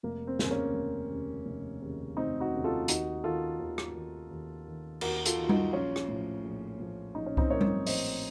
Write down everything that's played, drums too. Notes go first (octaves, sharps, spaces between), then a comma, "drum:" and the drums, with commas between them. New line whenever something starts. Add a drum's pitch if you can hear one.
F1 A#3
C4
D#2 C#3, drum: snare
A#3 C#4
F1
D#2 C#3
F1
D#2 C#3
F1 C4 D#4
D#4 F#4
D#2 C#3
F4 A4
D#2 D#4 F#4, drum: hi-hat
D#3 F4 A4
D#2
drum: rim click
D#3
D#2
D#3
D#2 F#4 A#4, drum: cymbal
F4 A4, drum: hi-hat
D#3
F4
D#4 F#4, drum: tom G3
A#1 C#4 F4
drum: rim click
A2 F3
A#1
A2 F3
A#1 D#4
C#4
C4 D#4, drum: kick C2
A2 F3 A#4 C#5
drum: tom G3
A#1 C5 D#5, drum: open hi-hat